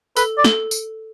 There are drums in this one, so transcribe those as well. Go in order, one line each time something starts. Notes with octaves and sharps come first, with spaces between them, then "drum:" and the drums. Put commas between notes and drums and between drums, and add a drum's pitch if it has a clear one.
A4 B4, drum: tambourine
D5
A4, drum: snare
drum: tambourine